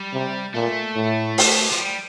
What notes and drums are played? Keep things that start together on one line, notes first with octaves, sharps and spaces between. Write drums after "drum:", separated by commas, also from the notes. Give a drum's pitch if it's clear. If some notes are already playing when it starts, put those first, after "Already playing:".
Already playing: G3
C3
A#2 A3
A2
drum: open hi-hat
F3
G3